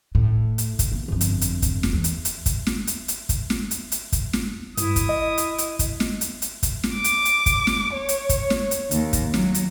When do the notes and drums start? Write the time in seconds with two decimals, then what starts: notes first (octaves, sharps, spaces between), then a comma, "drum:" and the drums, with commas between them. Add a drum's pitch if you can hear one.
0.15 A2
0.58 drum: hi-hat
0.79 drum: kick, hi-hat
0.92 A#3 B3
1.08 G1 F2
1.21 drum: hi-hat
1.41 drum: hi-hat
1.62 drum: kick, hi-hat
1.83 drum: snare
1.93 E2
2.04 drum: hi-hat
2.25 drum: hi-hat
2.46 drum: kick, hi-hat
2.67 drum: snare
2.87 drum: hi-hat
3.08 drum: hi-hat
3.29 drum: kick, hi-hat
3.50 drum: snare
3.71 drum: hi-hat
3.92 drum: hi-hat
4.12 drum: kick, hi-hat
4.33 drum: snare
4.77 G2 E4 D#6, drum: hi-hat
4.96 drum: kick, hi-hat
5.09 D#5
5.38 drum: hi-hat
5.58 drum: hi-hat
5.79 drum: kick, hi-hat
6.00 drum: snare
6.21 drum: hi-hat
6.42 drum: hi-hat
6.63 drum: kick, hi-hat
6.83 drum: snare
6.95 D6
7.04 drum: hi-hat
7.25 drum: hi-hat
7.46 drum: kick, hi-hat
7.67 drum: snare
7.94 C#5
8.09 drum: hi-hat
8.29 drum: kick, hi-hat
8.50 drum: snare
8.71 drum: hi-hat
8.91 D#2, drum: hi-hat
9.13 drum: kick, hi-hat
9.34 F#3, drum: snare
9.54 drum: hi-hat